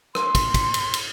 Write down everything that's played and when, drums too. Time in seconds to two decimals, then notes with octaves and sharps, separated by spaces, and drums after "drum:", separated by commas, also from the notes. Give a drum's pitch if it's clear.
0.15 C6, drum: rim click
0.35 drum: kick, cymbal
0.54 drum: kick, cymbal
0.74 drum: cymbal
0.94 drum: cymbal